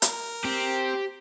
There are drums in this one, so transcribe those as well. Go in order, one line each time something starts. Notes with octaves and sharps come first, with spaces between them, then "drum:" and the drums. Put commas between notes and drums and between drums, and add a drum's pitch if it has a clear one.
A#4, drum: hi-hat
C4 G4